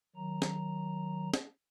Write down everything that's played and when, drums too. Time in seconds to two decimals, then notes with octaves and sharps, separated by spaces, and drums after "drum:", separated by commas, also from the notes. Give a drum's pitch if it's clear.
0.16 D#3 F#3 A#5
0.42 drum: snare
1.34 drum: snare